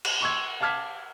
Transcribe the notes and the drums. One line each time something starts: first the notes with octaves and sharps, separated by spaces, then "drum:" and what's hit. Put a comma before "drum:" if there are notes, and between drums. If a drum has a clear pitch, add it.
drum: cymbal
C6 C#6 E6 G#6
F5 A5 D6 F6 G#6 B6